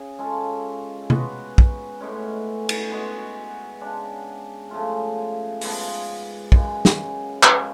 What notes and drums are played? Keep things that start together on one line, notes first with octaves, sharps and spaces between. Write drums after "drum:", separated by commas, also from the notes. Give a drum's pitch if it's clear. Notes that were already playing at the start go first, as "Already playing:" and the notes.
Already playing: C#3 G#4
G#3 C#4 F4 A4
G#3 B3 F#4 B4, drum: tom C3
drum: kick
A2 G#3 C#4
drum: cymbal
G#3 B3 F#4
C#3 G#3 D4
C#3 F3 A3 F4
G#2 F3 B3, drum: open hi-hat
F#2 C#3 G#3, drum: kick
drum: snare
F#2 F3 G#3 C#4, drum: clap